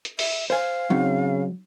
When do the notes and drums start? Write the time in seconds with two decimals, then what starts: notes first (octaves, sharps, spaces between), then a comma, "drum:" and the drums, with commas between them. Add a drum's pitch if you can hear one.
0.05 drum: hi-hat
0.19 E5, drum: open hi-hat
0.50 C5 F5 G#5
0.90 C#3 F#3 C4 D#4